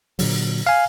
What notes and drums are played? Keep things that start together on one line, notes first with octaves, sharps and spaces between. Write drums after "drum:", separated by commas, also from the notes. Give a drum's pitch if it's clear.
A#2 D3 F#3, drum: open hi-hat
F5 G#5